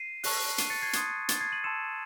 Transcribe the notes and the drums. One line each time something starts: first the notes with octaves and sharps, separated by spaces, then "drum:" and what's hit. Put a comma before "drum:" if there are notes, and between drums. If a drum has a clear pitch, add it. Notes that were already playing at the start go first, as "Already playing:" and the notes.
Already playing: C7 D#7
A5 C#6 F#6, drum: open hi-hat
C7 D#7, drum: hi-hat
A6 C#7
G#6 C7
C6 D#6 F#6 G#6, drum: hi-hat
A6, drum: hi-hat
G#6 C7
D#7 F#7
A5 C6 E6 C#7 E7